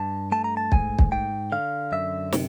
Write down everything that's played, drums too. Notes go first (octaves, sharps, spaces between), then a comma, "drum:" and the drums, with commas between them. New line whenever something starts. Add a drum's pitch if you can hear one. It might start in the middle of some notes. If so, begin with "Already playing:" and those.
Already playing: G2 A5
A3 A5
A#5
A5
G#2 G#5, drum: kick
drum: kick
G#2 G5
D3 F5
F#2 E5
C3, drum: snare